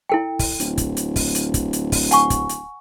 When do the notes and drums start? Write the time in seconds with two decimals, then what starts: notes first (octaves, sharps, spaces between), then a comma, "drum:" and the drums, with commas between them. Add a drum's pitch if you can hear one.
0.09 E4 A4 G5
0.39 drum: kick, open hi-hat
0.60 D1, drum: hi-hat
0.78 drum: kick, hi-hat
0.97 drum: hi-hat
1.16 drum: kick, open hi-hat
1.35 drum: hi-hat
1.54 drum: kick, hi-hat
1.73 drum: hi-hat
1.92 drum: kick, open hi-hat
2.11 F#5 G#5 C#6, drum: hi-hat
2.30 drum: kick, hi-hat
2.49 drum: hi-hat